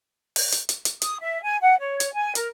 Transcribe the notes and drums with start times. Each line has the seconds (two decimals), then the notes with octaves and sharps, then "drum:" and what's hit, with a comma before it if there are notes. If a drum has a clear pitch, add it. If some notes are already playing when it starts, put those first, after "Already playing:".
0.36 drum: open hi-hat
0.52 drum: hi-hat
0.69 drum: hi-hat
0.85 drum: hi-hat
1.02 D#6, drum: hi-hat
1.22 E5
1.43 G#5
1.61 F#5
1.79 C#5
2.00 drum: hi-hat
2.13 G#5
2.35 A#4, drum: hi-hat